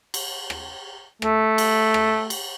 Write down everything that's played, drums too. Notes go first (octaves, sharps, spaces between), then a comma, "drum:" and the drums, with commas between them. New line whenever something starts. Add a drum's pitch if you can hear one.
drum: cymbal
drum: rim click
A3, drum: rim click
drum: cymbal
drum: rim click
drum: cymbal